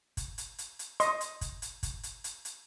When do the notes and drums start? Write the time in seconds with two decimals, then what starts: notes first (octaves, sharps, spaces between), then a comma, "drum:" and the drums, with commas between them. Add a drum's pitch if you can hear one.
0.17 drum: kick, hi-hat
0.38 drum: hi-hat
0.58 drum: hi-hat
0.79 drum: hi-hat
1.00 D#5 C6, drum: hi-hat
1.21 drum: hi-hat
1.41 drum: kick, hi-hat
1.62 drum: hi-hat
1.83 drum: kick, hi-hat
2.03 drum: hi-hat
2.24 drum: hi-hat
2.45 drum: hi-hat